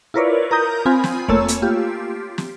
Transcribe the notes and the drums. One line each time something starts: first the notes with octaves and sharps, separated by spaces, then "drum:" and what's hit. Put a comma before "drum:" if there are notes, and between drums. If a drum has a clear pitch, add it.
E4 F4 A#4 B4 C#5 D5
A#4 A#5 D#6 G6
C4 F4 G#5 B5
drum: snare
A3 A#3 C#5 A5 E6, drum: kick E2
drum: hi-hat
F4 G4
drum: snare